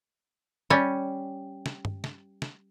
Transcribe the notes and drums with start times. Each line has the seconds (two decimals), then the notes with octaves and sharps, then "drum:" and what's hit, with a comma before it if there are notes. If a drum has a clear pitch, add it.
0.70 G3 C#4
1.66 drum: snare
1.85 drum: tom G2
2.04 drum: snare
2.42 drum: snare